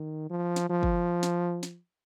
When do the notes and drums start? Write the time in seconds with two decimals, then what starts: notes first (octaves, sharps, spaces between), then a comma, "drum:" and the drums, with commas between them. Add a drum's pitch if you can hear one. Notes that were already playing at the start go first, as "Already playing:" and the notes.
Already playing: D#3
0.30 F3
0.56 drum: snare
0.70 F3
0.83 drum: kick
1.23 drum: snare
1.63 drum: snare